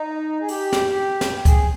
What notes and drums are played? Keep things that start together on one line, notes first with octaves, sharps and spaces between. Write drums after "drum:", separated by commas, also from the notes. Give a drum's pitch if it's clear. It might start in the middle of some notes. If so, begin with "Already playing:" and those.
Already playing: D#4
G#4
G4, drum: open hi-hat
drum: snare
drum: snare
G#4, drum: kick C#2, hi-hat